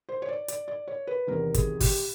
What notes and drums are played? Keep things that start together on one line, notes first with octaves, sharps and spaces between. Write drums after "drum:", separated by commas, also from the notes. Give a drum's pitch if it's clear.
C5
C#5
D5
D5, drum: hi-hat
D5
C#5
B4
E2 C3 D#3 A#4
G#4, drum: kick, hi-hat
G4, drum: kick, open hi-hat